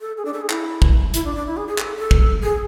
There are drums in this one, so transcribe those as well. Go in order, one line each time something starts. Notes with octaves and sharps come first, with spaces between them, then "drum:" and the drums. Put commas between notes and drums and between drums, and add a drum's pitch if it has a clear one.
A4
G#4
D4
A4
G#4
E4, drum: clap
drum: kick
E4, drum: hi-hat
D4
D4
E4
G#4
G#4
A4, drum: clap
A4
drum: kick
G#4